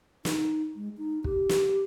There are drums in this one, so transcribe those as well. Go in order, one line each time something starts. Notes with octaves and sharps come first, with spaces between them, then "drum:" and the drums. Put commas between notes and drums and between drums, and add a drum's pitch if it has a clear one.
D#4, drum: snare
G#3
D#4
G4, drum: kick
drum: snare